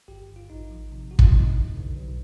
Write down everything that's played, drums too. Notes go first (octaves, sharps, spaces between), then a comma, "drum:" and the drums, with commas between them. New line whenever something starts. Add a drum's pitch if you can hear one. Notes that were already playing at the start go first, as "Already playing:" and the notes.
G1 G4
G1
F4
A1 D#4
F3
C3
C3 F#4
F4, drum: kick
E4
F2 D#4
D3
B1
B1